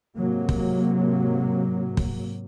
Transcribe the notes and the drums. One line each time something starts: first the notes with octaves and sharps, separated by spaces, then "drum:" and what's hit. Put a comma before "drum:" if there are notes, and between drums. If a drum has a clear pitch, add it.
G#2 C3 F#3 A#3
drum: kick
drum: kick